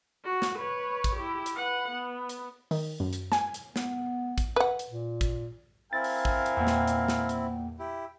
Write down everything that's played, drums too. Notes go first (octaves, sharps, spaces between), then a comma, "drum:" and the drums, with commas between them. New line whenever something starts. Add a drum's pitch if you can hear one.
F#4
drum: snare
B4 C#5
drum: kick, hi-hat
E4 G4
drum: hi-hat
B4 F#5
B3
drum: hi-hat
D#3, drum: open hi-hat
F#2
drum: hi-hat
G#5, drum: snare
drum: hi-hat
B3, drum: snare
drum: kick, hi-hat
B4 F#5
drum: hi-hat
A#2
drum: kick, hi-hat
C4 E4 A#4 F5 G#5 A6
drum: open hi-hat
drum: kick
drum: hi-hat
E2 A#2 A#3 F#5 G5
drum: snare
drum: hi-hat
drum: snare
drum: hi-hat
E4 G4